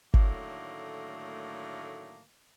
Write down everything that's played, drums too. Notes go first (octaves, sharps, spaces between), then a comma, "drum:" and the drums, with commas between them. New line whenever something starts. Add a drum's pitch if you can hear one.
A2 D3 D#3 F#3 A3 A#3, drum: kick G1